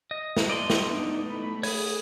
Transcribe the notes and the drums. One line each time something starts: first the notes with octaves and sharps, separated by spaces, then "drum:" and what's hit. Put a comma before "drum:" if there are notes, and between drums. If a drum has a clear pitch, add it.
D#5
drum: snare
D5 D#5 C6
drum: snare
B3 D4 D#4
A3 B5
G#4 C#5, drum: open hi-hat